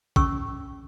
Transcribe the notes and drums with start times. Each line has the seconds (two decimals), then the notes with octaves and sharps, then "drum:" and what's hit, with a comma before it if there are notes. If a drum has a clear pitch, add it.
0.16 C#4 C#6 E6, drum: kick